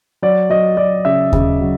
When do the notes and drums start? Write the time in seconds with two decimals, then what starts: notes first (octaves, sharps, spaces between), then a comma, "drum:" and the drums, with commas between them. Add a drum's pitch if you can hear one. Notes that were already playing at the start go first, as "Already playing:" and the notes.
0.22 F#3 D5
0.50 F#3 D#5
0.77 F#3 D5
1.05 C#3 E5
1.33 C#3, drum: kick D#2
1.61 F#3